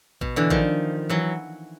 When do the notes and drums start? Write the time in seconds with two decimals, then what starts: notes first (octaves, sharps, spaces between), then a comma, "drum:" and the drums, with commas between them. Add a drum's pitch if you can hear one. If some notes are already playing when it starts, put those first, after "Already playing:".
0.21 B2, drum: kick A1
0.36 D3 E3
0.50 D#3 F3, drum: kick A1
1.09 E3 F#3